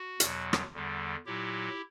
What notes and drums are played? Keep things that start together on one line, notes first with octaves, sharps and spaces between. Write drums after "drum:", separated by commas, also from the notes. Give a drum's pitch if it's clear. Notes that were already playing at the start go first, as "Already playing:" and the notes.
Already playing: F#4
E2 B2 F#3, drum: hi-hat
drum: rim click
E2 D3 G3
A#2 F#3 E4 G4